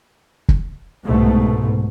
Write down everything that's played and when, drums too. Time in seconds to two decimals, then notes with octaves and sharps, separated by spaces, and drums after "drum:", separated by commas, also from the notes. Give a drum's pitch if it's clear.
0.49 drum: kick
1.04 C2 G#2 B2 A3